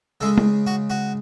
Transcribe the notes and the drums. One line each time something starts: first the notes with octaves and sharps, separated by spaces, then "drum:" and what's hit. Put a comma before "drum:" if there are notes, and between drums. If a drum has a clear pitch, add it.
C#3 G#3 A4
drum: tom G#3
F#4
F#4